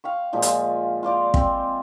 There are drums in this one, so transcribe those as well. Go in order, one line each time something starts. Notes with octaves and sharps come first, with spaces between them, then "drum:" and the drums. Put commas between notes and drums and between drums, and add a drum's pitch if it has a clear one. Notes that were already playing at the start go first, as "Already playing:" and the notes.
F5 G5 C#6
A#2 F3 G#3
drum: hi-hat
F4 C5 D5 F5
C4, drum: kick